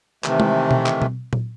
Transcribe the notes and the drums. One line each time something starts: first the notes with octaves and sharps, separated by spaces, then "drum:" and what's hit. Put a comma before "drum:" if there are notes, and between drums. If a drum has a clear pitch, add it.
C3 D#3 E3 A3, drum: clap
drum: tom G#3
drum: tom B2
drum: clap
drum: tom B2
drum: tom A#2